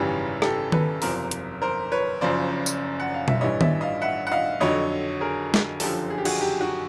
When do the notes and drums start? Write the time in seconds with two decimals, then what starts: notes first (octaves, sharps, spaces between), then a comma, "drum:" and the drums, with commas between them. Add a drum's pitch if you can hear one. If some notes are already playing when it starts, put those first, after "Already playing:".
Already playing: G#1 F#2 C#3 E3 G3 G4
0.42 G4 A4, drum: rim click
0.72 A4 B4, drum: tom D#3
1.02 F#1 E2 C3 F3 A#4 C5, drum: open hi-hat
1.31 drum: hi-hat
1.62 A#4 C5
1.92 B4 C#5
2.21 F#1 F#2 C#3 F3 C5 D5
2.66 drum: tambourine
3.00 F#5
3.14 F5
3.28 E5, drum: tom B2
3.41 A1 G2 E3 G3 C#5 D#5
3.61 D5 E5, drum: tom D#3
3.81 D#5 F5
4.01 E5 F#5
4.27 F#5
4.32 D#5 F5
4.60 F2 D3 F#3 C#5 D#5
5.21 G#4 A#4
5.54 drum: snare
5.80 F#1 F#2 D3 F3 G4 A4, drum: open hi-hat
6.10 G#4
6.18 G4
6.25 F#4 G#4, drum: cymbal
6.41 G4
6.61 F#4